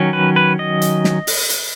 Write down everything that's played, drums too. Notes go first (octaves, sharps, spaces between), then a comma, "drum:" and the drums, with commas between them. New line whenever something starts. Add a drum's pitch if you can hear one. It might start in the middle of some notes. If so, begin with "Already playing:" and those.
Already playing: D#3 F#3 C#4
B4
B4
D#5
drum: hi-hat
drum: snare
drum: open hi-hat
drum: hi-hat